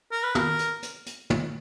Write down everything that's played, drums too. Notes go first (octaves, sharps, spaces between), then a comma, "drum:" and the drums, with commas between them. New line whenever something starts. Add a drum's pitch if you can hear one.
A#4
B4
A#4, drum: tom
drum: hi-hat
drum: hi-hat
drum: hi-hat
drum: tom